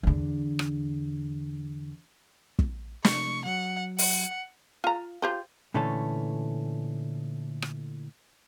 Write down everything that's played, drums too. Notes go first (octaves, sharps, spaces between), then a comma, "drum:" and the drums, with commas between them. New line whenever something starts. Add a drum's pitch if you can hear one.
E2 D3
drum: rim click
drum: kick
C3 F3 A3 C#6, drum: snare
F#3 F#5
F#5, drum: open hi-hat
F4 A#5
F4 G4 C5
A#2 D3 E3 A3 C#4 A4
drum: rim click